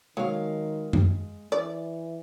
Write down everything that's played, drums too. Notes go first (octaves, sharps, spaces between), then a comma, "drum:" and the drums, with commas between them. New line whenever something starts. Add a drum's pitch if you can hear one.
D#3 F#3 G#3 F5
drum: tom F#2
E3 D5